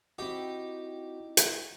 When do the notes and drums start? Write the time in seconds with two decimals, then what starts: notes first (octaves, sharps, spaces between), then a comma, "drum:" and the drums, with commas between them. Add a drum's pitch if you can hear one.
0.19 C4 D#4 E4 F#4 G4
1.37 drum: hi-hat